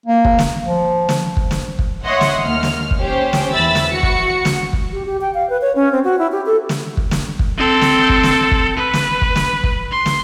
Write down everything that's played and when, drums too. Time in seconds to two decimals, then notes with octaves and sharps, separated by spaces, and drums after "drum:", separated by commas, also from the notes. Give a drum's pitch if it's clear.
0.06 A#3
0.25 drum: kick
0.39 drum: snare
0.62 F3
1.09 drum: snare
1.37 drum: kick
1.51 drum: snare
1.79 drum: kick
2.05 C#5 D#5 E5 F#5 C6
2.21 drum: snare
2.43 D#2 F6
2.63 drum: snare
2.91 drum: kick
3.00 C#4 G4 C5
3.33 drum: snare
3.54 E2 E5 B5 E6 A6
3.75 drum: snare
3.92 F#4 C#7
4.03 drum: kick
4.45 drum: snare
4.73 drum: kick
4.93 G4
5.06 G4
5.21 G5
5.34 F5
5.50 B4
5.62 C#5
5.76 C#4
5.92 C4
6.04 F#4
6.19 E4
6.32 G4
6.46 A4
6.69 drum: snare
6.97 drum: kick
7.11 drum: snare
7.39 drum: kick
7.58 C4 A4
7.81 drum: snare
8.09 drum: kick
8.23 drum: snare
8.51 drum: kick
8.77 B4
8.93 drum: snare
9.22 drum: kick
9.36 drum: snare
9.64 drum: kick
9.92 C6
10.06 drum: snare